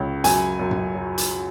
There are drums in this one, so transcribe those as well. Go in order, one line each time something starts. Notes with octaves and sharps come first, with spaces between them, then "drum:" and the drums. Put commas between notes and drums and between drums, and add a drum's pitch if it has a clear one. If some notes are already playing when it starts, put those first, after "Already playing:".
Already playing: C#2 C#4
F#2 G#5, drum: hi-hat
F#2
drum: tom F#2
F#3
drum: hi-hat